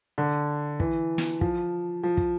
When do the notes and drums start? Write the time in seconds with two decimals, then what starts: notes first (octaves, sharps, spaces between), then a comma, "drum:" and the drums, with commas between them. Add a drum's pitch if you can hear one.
0.18 D3
0.80 E3, drum: kick
1.18 drum: snare
1.41 F3, drum: kick
2.03 F3
2.17 drum: kick